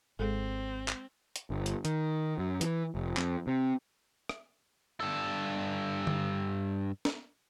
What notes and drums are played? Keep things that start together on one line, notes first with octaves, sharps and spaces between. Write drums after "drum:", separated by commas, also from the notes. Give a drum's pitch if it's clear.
G#1 G#3 C4 G#4 A4
drum: clap
drum: hi-hat
G1
drum: hi-hat
D#3, drum: hi-hat
F#2
E3, drum: hi-hat
F1
F2, drum: clap
C3
drum: rim click
G2 A4
drum: tom D3
drum: snare